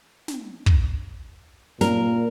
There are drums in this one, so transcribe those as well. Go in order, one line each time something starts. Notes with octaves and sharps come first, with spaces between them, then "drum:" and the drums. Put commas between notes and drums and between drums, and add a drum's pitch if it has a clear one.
drum: snare
drum: kick
A#2 A#4, drum: snare